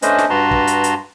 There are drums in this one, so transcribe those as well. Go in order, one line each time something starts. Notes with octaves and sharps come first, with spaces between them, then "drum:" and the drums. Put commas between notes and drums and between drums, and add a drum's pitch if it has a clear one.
A3 C#4 D4 B4 C5 D#5, drum: hi-hat
drum: snare
G2 F#4 B4 A5 A#5 C6
drum: kick
drum: hi-hat
drum: hi-hat